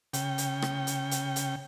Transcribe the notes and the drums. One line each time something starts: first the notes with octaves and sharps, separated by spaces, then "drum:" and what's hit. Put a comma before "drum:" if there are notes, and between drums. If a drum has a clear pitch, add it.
C#3 G5, drum: hi-hat
drum: hi-hat
drum: rim click
drum: hi-hat
drum: hi-hat
drum: hi-hat